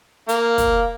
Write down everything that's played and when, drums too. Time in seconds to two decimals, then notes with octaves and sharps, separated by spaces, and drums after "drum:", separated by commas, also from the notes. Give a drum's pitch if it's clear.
0.29 A#3, drum: hi-hat
0.58 drum: kick, hi-hat